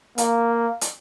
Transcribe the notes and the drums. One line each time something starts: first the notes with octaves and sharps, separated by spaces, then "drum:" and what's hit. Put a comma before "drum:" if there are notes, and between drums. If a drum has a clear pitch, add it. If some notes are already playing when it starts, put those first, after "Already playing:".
A#3, drum: hi-hat
drum: hi-hat